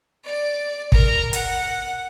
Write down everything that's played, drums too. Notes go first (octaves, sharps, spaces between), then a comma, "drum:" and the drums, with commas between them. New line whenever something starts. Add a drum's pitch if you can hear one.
D5
A#4 A#5, drum: kick
F#5, drum: hi-hat